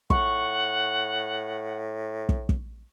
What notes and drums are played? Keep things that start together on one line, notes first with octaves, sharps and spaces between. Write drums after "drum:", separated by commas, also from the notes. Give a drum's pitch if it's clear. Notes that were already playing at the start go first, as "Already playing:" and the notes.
A2 F#5 C#6, drum: kick
drum: kick
drum: kick